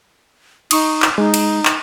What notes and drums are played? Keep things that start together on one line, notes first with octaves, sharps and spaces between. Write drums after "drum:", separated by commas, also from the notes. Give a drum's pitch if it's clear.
D#4 C#6 D#6, drum: cymbal
drum: clap
G#3 D#4
drum: cymbal
drum: clap